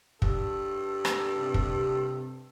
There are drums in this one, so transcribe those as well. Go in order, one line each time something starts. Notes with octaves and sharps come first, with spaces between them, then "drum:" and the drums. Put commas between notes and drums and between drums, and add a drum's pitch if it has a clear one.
G2 A4, drum: kick
drum: rim click
C3
drum: kick